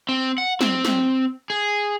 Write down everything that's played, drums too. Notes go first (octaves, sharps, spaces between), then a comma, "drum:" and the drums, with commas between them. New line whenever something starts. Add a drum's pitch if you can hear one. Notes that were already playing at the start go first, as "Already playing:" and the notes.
C4
F#5
C4, drum: snare
drum: snare
G#4